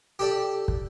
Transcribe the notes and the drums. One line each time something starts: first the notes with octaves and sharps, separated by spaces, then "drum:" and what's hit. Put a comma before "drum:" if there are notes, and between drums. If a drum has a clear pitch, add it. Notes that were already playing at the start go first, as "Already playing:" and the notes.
G4 A4 D5
drum: kick